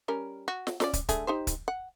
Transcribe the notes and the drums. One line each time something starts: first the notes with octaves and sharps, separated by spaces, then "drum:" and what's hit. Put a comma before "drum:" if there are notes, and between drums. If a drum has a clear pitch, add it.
G3 C#4 A#4
F#4
drum: snare
C#4 A#4 D5, drum: snare
drum: kick, hi-hat
D3 A3 G#4, drum: kick, hi-hat
D#4 G4 C5
drum: kick, hi-hat
F#5